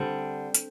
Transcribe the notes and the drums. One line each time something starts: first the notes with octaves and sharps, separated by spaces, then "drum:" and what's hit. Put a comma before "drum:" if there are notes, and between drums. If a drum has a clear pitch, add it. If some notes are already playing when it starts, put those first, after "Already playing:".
Already playing: D3 G3 C4
drum: hi-hat